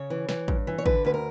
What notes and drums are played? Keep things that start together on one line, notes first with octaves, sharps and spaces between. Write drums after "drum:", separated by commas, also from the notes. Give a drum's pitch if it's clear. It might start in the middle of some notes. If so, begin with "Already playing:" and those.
Already playing: C#3 C#5
E3
E3, drum: snare
G2, drum: kick A1
E3
C#5
D3 B4, drum: kick A1
D2 B4
A#4